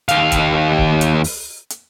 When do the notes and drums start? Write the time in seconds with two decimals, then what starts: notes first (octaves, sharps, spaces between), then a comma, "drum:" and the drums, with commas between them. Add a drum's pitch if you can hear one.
0.08 D#2 F5, drum: hi-hat
0.32 drum: kick C#1, hi-hat
0.78 drum: kick C#1
1.01 drum: hi-hat
1.24 drum: open hi-hat
1.70 drum: hi-hat